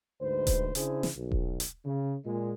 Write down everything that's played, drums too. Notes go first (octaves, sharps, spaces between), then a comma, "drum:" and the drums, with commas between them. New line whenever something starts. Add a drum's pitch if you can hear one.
D2 G#2 B4 C5
drum: kick D#1, hi-hat
C#3 D4 E4 G#4 C5, drum: hi-hat
drum: snare
B1
drum: kick D#1
drum: hi-hat
C#3
A#2 G#3